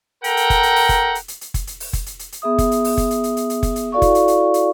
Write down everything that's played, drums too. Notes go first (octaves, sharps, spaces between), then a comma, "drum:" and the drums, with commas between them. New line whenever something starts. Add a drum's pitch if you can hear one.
A4 A#4 F#5 G5 A#5, drum: hi-hat
drum: hi-hat
drum: kick F#1, hi-hat
drum: hi-hat
drum: open hi-hat
drum: kick F#1, hi-hat
drum: hi-hat
drum: hi-hat
drum: hi-hat
drum: kick F#1, hi-hat
drum: hi-hat
drum: open hi-hat
drum: kick F#1, hi-hat
drum: hi-hat
drum: hi-hat
drum: hi-hat
B3 G#4 E5 D#6
drum: kick F#1, hi-hat
drum: hi-hat
drum: open hi-hat
drum: kick F#1, hi-hat
drum: hi-hat
drum: hi-hat
drum: hi-hat
drum: hi-hat
drum: kick F#1, hi-hat
drum: hi-hat
E4 F#4 A4 D5 F5 C#6
drum: kick F#1, hi-hat
drum: hi-hat
drum: hi-hat
drum: hi-hat